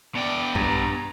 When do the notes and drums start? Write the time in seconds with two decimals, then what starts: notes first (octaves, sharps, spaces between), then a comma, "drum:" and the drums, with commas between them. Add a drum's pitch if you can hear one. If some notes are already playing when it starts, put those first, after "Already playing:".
0.15 B2 D5 G5
0.55 G2 A#5, drum: kick A#1